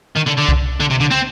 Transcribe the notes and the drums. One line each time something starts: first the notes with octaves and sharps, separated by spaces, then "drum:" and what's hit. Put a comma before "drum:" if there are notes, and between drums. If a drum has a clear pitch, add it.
D#3
D3
D3
drum: kick C2
D3
C3
D3
C4